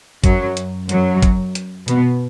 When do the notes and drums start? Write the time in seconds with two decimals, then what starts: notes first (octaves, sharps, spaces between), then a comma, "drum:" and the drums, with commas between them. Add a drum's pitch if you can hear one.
0.24 F#2 F#3, drum: kick, hi-hat
0.57 drum: hi-hat
0.89 F#2 F#3, drum: hi-hat
1.23 drum: kick, hi-hat
1.55 drum: hi-hat
1.88 B2 B3, drum: hi-hat